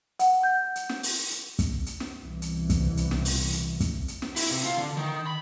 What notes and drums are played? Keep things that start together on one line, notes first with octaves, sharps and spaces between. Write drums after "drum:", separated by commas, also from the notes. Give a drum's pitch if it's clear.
F#5, drum: hi-hat
G6
drum: hi-hat
drum: snare
drum: open hi-hat
drum: hi-hat
drum: kick, hi-hat
drum: hi-hat
drum: snare
C2 B2 E3
drum: hi-hat
drum: kick, hi-hat
drum: hi-hat
drum: snare
drum: open hi-hat
drum: hi-hat
drum: kick, hi-hat
drum: hi-hat
drum: snare
E4, drum: open hi-hat
C3
F4, drum: hi-hat
D3
D#3
B5